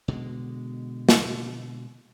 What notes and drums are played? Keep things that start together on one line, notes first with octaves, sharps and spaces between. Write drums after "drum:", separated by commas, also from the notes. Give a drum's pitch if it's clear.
B2 D3 G#3
drum: snare